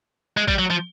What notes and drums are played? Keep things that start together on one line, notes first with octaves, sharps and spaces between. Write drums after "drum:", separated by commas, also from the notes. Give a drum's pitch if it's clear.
G#3
G3, drum: kick A1
F#3
F3